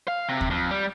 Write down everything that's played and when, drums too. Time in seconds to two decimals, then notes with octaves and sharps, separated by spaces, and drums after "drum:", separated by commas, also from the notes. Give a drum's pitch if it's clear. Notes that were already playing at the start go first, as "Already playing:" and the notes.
0.08 F5
0.29 C3
0.41 drum: kick D#2
0.50 F2
0.71 G3